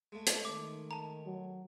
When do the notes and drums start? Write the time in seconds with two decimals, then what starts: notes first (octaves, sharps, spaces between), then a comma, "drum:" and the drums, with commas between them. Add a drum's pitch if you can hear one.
0.12 G#3 A3
0.27 drum: hi-hat
0.45 D#3 D6
0.91 A5 A#5
1.26 F#3